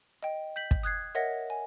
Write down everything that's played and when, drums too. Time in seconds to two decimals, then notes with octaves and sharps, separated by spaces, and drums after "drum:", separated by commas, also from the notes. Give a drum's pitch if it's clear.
0.23 D#5 G5
0.56 G6 B6 F#7
0.71 drum: kick
0.83 D#6 F#6 G#6 C7
1.15 A#4 C#5 D#5 E5 F#5 A#6
1.50 G#5